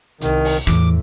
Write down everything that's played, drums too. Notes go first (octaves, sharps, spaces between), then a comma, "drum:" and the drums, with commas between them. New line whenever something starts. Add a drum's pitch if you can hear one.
C2 D#3, drum: hi-hat
drum: open hi-hat
E2 A2 E3 D6, drum: rim click